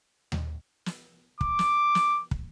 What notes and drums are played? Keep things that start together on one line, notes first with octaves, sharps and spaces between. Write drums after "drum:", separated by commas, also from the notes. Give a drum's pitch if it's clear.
drum: tom D#2
drum: snare
D6, drum: kick
drum: snare
drum: snare
drum: kick